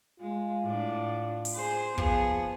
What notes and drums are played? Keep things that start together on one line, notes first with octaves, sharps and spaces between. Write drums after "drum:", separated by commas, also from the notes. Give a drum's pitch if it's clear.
G#3 F4
A2 D4
drum: open hi-hat
G#4 C5
F3 B3 G#4, drum: kick